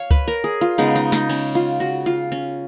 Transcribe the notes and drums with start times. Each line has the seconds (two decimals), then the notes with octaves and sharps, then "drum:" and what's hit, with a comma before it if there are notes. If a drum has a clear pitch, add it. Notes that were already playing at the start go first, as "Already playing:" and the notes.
Already playing: C#5 F5
0.11 B4, drum: kick C#2
0.28 A#4
0.44 G#4
0.61 F4
0.78 C#3 G#3 B3 D#4
0.96 D#4
1.12 D#4, drum: snare
1.29 C#4, drum: cymbal
1.55 F4
1.80 F#4
2.06 F4
2.32 C#4